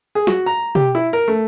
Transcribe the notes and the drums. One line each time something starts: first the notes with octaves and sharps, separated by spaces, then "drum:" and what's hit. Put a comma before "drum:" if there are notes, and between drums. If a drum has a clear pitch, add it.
G#4
F#4, drum: snare
A#5
G4, drum: tom
E4
A#4
A3